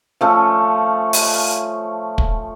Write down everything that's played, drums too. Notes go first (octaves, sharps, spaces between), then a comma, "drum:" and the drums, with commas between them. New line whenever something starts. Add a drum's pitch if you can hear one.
F3 A3 C#4
drum: open hi-hat
drum: kick